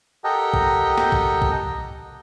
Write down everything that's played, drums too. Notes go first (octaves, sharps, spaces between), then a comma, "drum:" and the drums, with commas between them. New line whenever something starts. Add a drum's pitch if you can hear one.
G4 A4 A#4 D#5 F#5 G5
drum: kick
drum: snare
drum: kick
drum: kick